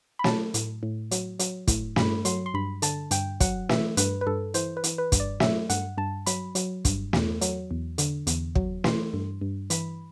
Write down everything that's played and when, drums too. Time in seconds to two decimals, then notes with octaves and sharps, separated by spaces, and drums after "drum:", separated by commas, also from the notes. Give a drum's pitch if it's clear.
0.19 B5
0.24 F#3 A5, drum: snare
0.54 A2, drum: hi-hat
0.83 A2
1.11 F#3, drum: hi-hat
1.39 F#3, drum: hi-hat
1.68 A2, drum: kick, hi-hat
1.96 G2 B5, drum: snare
2.25 F#3 C6, drum: hi-hat
2.46 C6
2.54 G2 B5
2.82 D3 A5, drum: hi-hat
3.11 G2 G5, drum: hi-hat
3.40 F#3 F#5, drum: kick, hi-hat
3.69 E3 E5, drum: snare
3.97 G2 B4, drum: hi-hat
4.21 B4
4.27 G2 A4
4.54 E3 C5, drum: hi-hat
4.77 B4
4.84 E3, drum: hi-hat
4.98 B4
5.12 G2, drum: kick, hi-hat
5.20 D5
5.40 F#3 E5, drum: snare
5.70 G2 F#5, drum: hi-hat
5.97 G2 A5
6.26 F#3 B5, drum: hi-hat
6.55 F#3, drum: hi-hat
6.85 G2, drum: kick, hi-hat
7.13 E2, drum: snare
7.41 F#3, drum: hi-hat
7.71 E2
7.98 D3, drum: hi-hat
8.27 E2, drum: hi-hat
8.55 F#3, drum: kick
8.84 E3 C6, drum: snare
9.14 G2
9.41 G2
9.70 E3 B5, drum: hi-hat